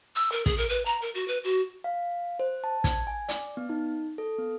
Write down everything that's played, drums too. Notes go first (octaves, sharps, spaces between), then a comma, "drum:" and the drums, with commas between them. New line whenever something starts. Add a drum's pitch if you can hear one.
E6
A#4
G#4, drum: kick
A#4
B4
A#5
A#4
F#4
B4
F#4
F5
C5
A5
G#6, drum: kick, hi-hat
G#5
D5, drum: hi-hat
B3
D#4
A4
B3